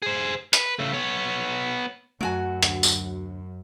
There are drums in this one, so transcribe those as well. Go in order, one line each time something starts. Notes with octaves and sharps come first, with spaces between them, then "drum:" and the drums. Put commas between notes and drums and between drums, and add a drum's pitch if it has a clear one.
G#4 C5
B4, drum: hi-hat
C#3 A3
B3 C#5
F#2 F#3 A3 F#4 G#5
D2, drum: hi-hat
drum: tambourine